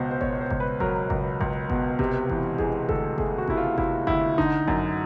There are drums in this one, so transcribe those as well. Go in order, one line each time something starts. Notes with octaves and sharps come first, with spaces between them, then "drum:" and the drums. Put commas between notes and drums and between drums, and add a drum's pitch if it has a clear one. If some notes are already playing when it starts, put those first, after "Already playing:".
Already playing: C#2 B2 C5
C5
B2 C#5, drum: kick G1
C5
C#2, drum: kick G1
B4
F#3 A#4, drum: kick G1
C#2, drum: kick G1
C#2, drum: kick G1
B2, drum: kick G1
C3, drum: kick G1
E3, drum: kick G1
E3 G#4, drum: kick G1
D2 A4, drum: kick G1
A3 G#4, drum: kick G1
F#4
C3 E4, drum: kick G1
F4
C3 E4, drum: kick G1
D2 E4, drum: kick G1
D3 D#4, drum: kick G1
F#2, drum: kick G1